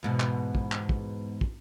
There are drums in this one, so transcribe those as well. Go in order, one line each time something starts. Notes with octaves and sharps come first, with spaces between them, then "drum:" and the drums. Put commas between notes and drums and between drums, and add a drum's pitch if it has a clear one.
E2 G#2 B2
drum: clap
drum: kick
drum: clap
drum: kick
drum: kick